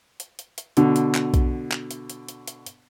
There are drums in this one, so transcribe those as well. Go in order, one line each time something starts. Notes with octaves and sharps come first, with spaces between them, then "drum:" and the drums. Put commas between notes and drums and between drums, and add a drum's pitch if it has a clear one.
drum: hi-hat
drum: hi-hat
drum: hi-hat
B2 D3, drum: hi-hat
drum: hi-hat
drum: clap
drum: kick B1, hi-hat
drum: clap
drum: hi-hat
drum: hi-hat
drum: hi-hat
drum: hi-hat
drum: hi-hat